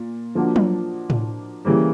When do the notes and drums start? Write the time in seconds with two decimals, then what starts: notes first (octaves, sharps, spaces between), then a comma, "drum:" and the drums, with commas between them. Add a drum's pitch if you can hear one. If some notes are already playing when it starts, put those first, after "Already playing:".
Already playing: A#2
0.35 F3 A#3 D4 F#4
0.56 drum: tom F#3
1.10 drum: tom A2
1.65 C#3 E3 G3 A#3